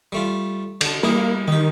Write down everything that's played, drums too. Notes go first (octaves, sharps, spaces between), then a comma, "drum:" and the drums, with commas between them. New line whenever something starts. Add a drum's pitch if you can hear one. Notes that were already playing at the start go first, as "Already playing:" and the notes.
G3 A3 F4
D3 A5, drum: cymbal
G3 A#3 E4 G#4
D#3 D#4 G4